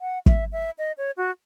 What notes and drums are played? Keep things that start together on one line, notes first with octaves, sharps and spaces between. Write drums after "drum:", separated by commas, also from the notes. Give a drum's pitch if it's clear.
F#5
E5, drum: kick
E5
D#5
C#5
F#4